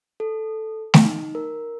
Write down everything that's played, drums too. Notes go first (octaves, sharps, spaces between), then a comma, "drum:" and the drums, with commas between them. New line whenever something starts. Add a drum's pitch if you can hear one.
A4
drum: snare A3
D#4
A#4